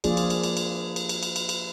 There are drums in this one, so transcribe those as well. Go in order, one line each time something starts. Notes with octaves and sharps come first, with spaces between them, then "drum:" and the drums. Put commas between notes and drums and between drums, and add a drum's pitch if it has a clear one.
F3 A#3 D4 F4 G#4 D5, drum: cymbal
drum: cymbal
drum: cymbal
drum: cymbal
drum: cymbal
drum: cymbal
drum: cymbal
drum: cymbal
drum: cymbal
drum: cymbal